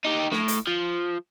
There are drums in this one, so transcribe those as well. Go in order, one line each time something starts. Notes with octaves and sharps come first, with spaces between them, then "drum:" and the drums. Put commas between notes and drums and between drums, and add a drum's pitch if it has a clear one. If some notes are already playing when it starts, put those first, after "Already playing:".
D#4 G4
A2, drum: snare
drum: hi-hat
F3